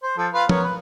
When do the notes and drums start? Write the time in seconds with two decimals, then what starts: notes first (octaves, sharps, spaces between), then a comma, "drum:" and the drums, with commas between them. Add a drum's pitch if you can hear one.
0.03 C5
0.18 F3 A4
0.34 F4 B4 F5
0.49 B3 A#4 C#5, drum: tom F3
0.64 B4